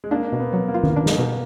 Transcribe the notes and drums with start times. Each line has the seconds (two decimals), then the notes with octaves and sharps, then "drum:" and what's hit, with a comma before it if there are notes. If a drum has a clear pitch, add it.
0.04 G#3
0.11 A#3 D4
0.32 B2
0.40 B3
0.53 F#3
0.68 A#3
0.74 F4
0.84 drum: tom D#3
0.96 D4
1.06 drum: snare
1.18 B2